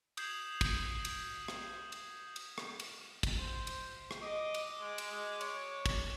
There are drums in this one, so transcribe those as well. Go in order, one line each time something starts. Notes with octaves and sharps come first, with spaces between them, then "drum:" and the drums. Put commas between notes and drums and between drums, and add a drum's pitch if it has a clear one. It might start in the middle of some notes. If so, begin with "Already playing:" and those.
D#6 G6 G#6 C7 E7 F#7, drum: cymbal
drum: kick, cymbal
drum: cymbal
drum: rim click
drum: cymbal
drum: cymbal
drum: rim click
drum: cymbal
drum: kick, cymbal
C5
drum: cymbal
drum: rim click
D#5 D6
drum: cymbal
G#3
drum: cymbal
G#3
C#5, drum: cymbal
drum: kick, cymbal